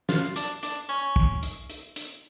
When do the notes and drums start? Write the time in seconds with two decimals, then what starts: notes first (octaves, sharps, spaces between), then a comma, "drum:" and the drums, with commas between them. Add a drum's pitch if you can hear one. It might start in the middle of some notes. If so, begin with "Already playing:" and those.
0.09 F4, drum: snare
0.36 D4, drum: hi-hat
0.63 D4, drum: hi-hat
0.89 C#4
1.16 drum: kick
1.43 drum: hi-hat
1.69 drum: hi-hat
1.96 drum: hi-hat